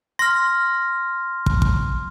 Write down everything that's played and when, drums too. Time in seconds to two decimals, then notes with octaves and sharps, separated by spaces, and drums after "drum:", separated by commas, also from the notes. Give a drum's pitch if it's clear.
0.19 C6 F6 A#6
1.46 drum: kick
1.62 drum: kick